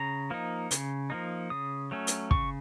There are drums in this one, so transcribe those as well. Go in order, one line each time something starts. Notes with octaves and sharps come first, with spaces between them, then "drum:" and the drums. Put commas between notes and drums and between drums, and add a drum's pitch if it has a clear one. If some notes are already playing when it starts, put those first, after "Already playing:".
Already playing: C#3 A#5
F3 A#3 D#4
C#3, drum: hi-hat
F3 A#3 D#4
C#3 D#6
F#3 A3 C#4
drum: hi-hat
C#3 C#6, drum: kick